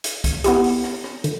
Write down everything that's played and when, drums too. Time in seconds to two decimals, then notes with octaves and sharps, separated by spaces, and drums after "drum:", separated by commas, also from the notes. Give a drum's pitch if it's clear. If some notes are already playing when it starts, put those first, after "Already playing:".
0.04 drum: hi-hat
0.24 drum: kick, hi-hat
0.44 B3 E4 G4, drum: hi-hat
0.64 drum: open hi-hat
0.84 drum: rim click
1.04 drum: rim click
1.24 D3, drum: hi-hat